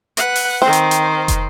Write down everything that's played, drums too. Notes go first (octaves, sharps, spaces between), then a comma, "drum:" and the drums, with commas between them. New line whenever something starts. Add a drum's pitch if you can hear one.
B4 F#5, drum: hi-hat
drum: open hi-hat
D#3 C4 C5
drum: hi-hat
drum: hi-hat
drum: kick, hi-hat